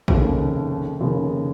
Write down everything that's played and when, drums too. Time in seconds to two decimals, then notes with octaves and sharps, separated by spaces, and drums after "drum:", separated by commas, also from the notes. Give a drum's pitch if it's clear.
0.08 F1 D#2 C#3, drum: kick A#1
0.99 F1 D#2 C#3